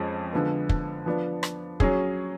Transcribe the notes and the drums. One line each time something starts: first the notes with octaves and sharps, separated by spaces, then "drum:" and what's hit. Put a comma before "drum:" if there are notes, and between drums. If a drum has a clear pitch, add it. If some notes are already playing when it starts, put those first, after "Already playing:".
Already playing: F2 F3 G#3 C#4
D3 F3 G#3 B3
drum: kick
F3 B3 D4
drum: rim click
F#3 C#4 G#4, drum: kick